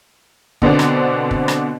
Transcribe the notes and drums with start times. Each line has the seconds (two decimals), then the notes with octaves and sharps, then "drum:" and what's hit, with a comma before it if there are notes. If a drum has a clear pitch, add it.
0.62 B2 D3 B3 C4 D4, drum: kick
0.79 drum: rim click
1.31 drum: kick
1.48 drum: rim click